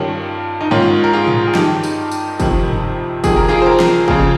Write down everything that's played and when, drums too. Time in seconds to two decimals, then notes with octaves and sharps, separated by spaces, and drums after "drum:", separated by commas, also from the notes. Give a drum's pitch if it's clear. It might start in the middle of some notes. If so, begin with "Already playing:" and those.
Already playing: G2 D#3 C#4 F4
0.61 D#4
0.71 G#2 D#3 C#4 F4, drum: tom G2
1.04 A#4
1.13 F4 G#4
1.27 drum: tom G#2
1.47 G#4
1.55 G2 D#3 D#4 G4, drum: snare
1.83 drum: tambourine
2.11 drum: tambourine
2.40 F2 C3 D#3, drum: kick, tambourine
2.68 drum: tom G2
3.24 F2 C3 D#3 G#4, drum: kick, tambourine
3.36 A#4
3.49 F4 G#4
3.62 C5
3.66 G4 A#4
3.80 drum: snare
4.08 F2 C#3 F4 G#4, drum: kick